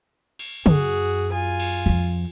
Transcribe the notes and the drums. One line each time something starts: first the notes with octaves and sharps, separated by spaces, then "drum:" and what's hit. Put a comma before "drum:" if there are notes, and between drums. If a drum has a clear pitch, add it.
drum: cymbal
F#2 F#4 G#4, drum: tom
F4 G#5
drum: cymbal
F2 F3